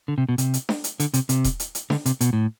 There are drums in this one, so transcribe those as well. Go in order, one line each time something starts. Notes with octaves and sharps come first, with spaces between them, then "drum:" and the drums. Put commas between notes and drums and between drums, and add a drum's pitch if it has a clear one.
D3
C3
B2
C3, drum: hi-hat
drum: hi-hat
drum: snare D4
drum: hi-hat
D3, drum: hi-hat
C3, drum: hi-hat
C3, drum: hi-hat
drum: kick D#1, hi-hat
drum: hi-hat
drum: hi-hat
D3, drum: snare D4
C3, drum: hi-hat
B2, drum: hi-hat
A2